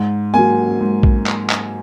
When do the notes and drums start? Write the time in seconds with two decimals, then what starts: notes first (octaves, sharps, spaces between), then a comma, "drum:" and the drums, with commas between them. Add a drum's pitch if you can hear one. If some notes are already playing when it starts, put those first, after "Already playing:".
Already playing: G#2
0.34 F#3 A#3 G#5
0.80 G#2
1.03 drum: kick A#1
1.26 drum: clap
1.50 drum: clap